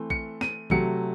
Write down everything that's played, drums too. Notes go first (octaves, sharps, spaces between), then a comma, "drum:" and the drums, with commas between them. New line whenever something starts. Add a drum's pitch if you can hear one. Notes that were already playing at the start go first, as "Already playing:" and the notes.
Already playing: E3 A3 C4
C#7, drum: kick A#1
D#7, drum: snare
C3 F#3 A3 C#7, drum: kick A#1